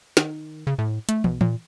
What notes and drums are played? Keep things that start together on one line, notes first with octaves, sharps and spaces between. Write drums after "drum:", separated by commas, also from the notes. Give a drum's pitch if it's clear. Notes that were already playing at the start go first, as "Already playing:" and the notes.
D#3, drum: snare
C#3
A2
A3, drum: hi-hat
B1, drum: tom
A#2, drum: tom